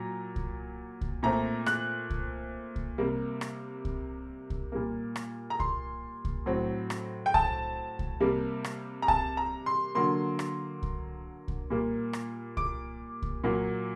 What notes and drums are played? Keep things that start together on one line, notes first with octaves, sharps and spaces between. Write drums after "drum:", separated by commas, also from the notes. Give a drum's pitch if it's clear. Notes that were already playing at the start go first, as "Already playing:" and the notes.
Already playing: A#2 F#3 A#5
drum: kick C2
drum: kick C2
A#2 A3 C4 A#5
F#6, drum: rim click
drum: kick C2
drum: kick C2
C3 G3 A#3
drum: rim click
drum: kick C2
drum: kick C2
A#2 G3 A#3
drum: rim click
A#5
C6, drum: kick C2
drum: kick C2
A2 F#3 C4
drum: rim click
G5
A5, drum: kick C2
drum: kick C2
C3 G3 A#3
drum: rim click
A#5
A5, drum: kick C2
A#5
C6
D3 F#3 A#3 C6
drum: rim click
drum: kick C2
drum: kick C2
A#2 G3 A#3
drum: rim click
D6, drum: kick C2
drum: kick C2
A#2 F#3 A#3